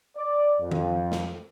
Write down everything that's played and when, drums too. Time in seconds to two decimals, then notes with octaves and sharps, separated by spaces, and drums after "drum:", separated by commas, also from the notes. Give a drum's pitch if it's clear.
0.17 D5
0.61 F2
0.71 drum: tom D#3
1.12 drum: snare